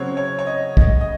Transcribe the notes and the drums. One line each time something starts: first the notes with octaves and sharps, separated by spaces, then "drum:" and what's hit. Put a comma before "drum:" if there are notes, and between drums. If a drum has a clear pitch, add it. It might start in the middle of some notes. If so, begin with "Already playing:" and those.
Already playing: C#3 F#3 C4 C#5
C#5
C#5
D#5
D#5, drum: kick
D#5